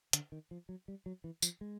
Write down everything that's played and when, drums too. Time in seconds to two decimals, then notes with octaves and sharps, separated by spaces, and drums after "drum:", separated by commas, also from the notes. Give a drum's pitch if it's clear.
0.13 D3, drum: hi-hat
0.32 D#3
0.51 F3
0.69 F#3
0.88 G3
1.06 F#3
1.24 E3
1.42 F3, drum: tambourine
1.61 G#3